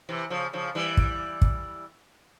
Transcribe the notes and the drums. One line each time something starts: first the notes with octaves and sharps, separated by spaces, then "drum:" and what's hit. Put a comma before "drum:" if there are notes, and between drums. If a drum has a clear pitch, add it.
C3 E3
C#3 F3
C#3 F3
E3 G3
drum: kick
drum: kick